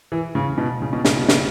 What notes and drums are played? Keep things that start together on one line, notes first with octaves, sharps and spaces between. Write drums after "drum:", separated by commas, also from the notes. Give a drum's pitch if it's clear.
E3
C#3
B2
C#3
B2
C#3, drum: snare
B2
C#3, drum: snare